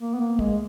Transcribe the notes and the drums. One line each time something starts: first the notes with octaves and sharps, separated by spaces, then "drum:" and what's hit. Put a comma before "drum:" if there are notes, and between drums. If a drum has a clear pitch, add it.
A#3
B3
A#3
G#3, drum: kick